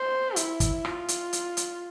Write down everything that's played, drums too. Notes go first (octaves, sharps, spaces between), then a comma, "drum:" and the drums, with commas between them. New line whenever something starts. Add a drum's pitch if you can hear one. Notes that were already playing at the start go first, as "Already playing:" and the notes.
Already playing: C5
E4, drum: hi-hat
drum: kick, hi-hat
F4, drum: rim click
drum: hi-hat
drum: hi-hat
drum: hi-hat